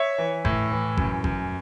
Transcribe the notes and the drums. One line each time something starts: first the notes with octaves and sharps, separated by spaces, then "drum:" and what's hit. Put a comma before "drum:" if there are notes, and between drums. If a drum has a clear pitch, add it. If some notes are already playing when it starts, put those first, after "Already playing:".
Already playing: C#5 E5
E3
A2, drum: kick G1
E3
F#2, drum: kick G1
F#2, drum: kick G1